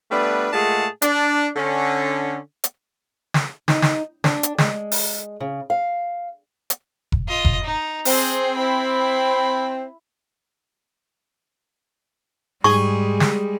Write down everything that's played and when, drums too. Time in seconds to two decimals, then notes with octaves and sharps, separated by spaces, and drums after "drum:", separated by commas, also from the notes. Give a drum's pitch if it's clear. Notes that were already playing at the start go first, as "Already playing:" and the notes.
0.11 G3 A3 B3 D4 B4
0.53 A#2 G#3 A3 G#4 F#5 A5
1.02 D4, drum: hi-hat
1.57 D3 C#4
2.64 drum: hi-hat
3.34 drum: snare
3.68 D#4, drum: snare
3.82 drum: snare
4.24 D4, drum: snare
4.43 drum: hi-hat
4.58 G#3, drum: snare
4.92 drum: open hi-hat
5.40 C#3
5.70 F5
6.70 drum: hi-hat
7.12 drum: kick F1
7.28 F4 D#5
7.45 drum: kick F1
7.64 D#4
8.05 C4 G#4 C5, drum: open hi-hat
8.56 E4 B5
12.64 G#2 G3 G#3 G#4 C#6
13.20 drum: snare